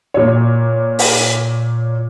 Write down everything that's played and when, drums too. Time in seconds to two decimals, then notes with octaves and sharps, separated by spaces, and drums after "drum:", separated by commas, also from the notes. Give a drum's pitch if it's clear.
0.14 A#2 C#5
0.99 drum: open hi-hat